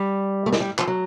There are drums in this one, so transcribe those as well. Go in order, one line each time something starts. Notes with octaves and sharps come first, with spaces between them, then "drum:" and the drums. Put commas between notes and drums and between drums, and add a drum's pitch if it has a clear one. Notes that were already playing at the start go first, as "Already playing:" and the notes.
Already playing: G3
A3
G#3, drum: snare
G3
F3, drum: clap
F#3